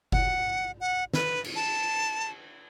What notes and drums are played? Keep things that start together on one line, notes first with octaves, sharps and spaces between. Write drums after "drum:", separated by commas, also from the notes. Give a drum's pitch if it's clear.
F#5, drum: kick F#1
F#5
B4, drum: snare
drum: cymbal
A5